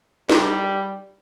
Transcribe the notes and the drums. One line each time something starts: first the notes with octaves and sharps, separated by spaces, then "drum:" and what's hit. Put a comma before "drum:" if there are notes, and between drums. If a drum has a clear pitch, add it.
G3, drum: snare